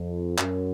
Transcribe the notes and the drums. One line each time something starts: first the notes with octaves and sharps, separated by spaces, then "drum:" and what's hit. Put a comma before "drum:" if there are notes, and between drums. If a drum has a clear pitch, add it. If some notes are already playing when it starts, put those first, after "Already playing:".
Already playing: F2
F#2, drum: clap